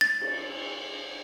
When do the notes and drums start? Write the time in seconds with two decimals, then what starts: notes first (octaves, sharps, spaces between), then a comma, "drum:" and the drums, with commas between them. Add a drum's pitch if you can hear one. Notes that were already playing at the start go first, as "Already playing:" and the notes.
0.01 A6
0.21 drum: cymbal